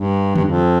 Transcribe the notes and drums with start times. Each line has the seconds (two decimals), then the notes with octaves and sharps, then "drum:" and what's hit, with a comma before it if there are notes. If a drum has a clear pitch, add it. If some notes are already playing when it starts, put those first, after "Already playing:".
Already playing: G2
0.36 G2, drum: tom D3
0.45 F2